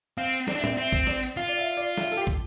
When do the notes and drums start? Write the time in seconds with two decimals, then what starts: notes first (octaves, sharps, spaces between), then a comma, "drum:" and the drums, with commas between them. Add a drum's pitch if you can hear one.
0.17 C4 F5
0.33 drum: tambourine
0.48 C4 D5, drum: snare
0.55 D4 E5
0.64 C4 D5, drum: tom A2
0.77 C4 E5
0.92 drum: kick, tambourine
1.07 D5, drum: snare
1.22 drum: tambourine
1.37 F4 F5
1.48 D5
1.58 E5
1.77 D5
1.97 E5, drum: snare
2.12 A4, drum: tambourine
2.17 G4
2.27 drum: kick